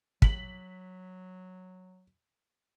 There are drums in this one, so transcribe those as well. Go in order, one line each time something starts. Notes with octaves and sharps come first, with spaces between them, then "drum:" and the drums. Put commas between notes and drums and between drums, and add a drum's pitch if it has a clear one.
F#3 B6 F#7, drum: kick